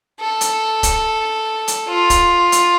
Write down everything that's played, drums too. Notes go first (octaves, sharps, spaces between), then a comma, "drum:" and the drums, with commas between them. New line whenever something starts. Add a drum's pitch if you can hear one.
A4
drum: hi-hat
drum: kick, hi-hat
drum: hi-hat
F4
drum: kick, hi-hat
drum: hi-hat